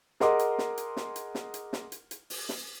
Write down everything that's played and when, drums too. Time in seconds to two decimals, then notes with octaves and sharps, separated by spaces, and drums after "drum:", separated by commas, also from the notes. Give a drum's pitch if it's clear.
0.20 G#4 A#4 D#5 F#5 C6 D6, drum: snare
0.39 drum: hi-hat
0.58 drum: snare
0.78 drum: hi-hat
0.97 drum: snare
1.16 drum: hi-hat
1.35 drum: snare
1.54 drum: hi-hat
1.73 drum: snare
1.92 drum: hi-hat
2.11 drum: hi-hat
2.30 drum: open hi-hat
2.49 drum: snare